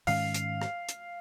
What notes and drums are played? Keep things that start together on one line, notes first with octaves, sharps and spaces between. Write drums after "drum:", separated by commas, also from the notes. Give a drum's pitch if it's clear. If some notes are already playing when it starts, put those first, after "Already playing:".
G#2 D#3 G#3 C#4 F5, drum: open hi-hat
drum: hi-hat
drum: rim click
drum: hi-hat